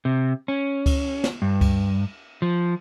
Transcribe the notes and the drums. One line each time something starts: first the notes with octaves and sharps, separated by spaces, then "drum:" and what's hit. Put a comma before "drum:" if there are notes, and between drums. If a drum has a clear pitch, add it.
C3
C#4
drum: kick C#2, cymbal
drum: snare
G2
drum: kick C#2, cymbal
F3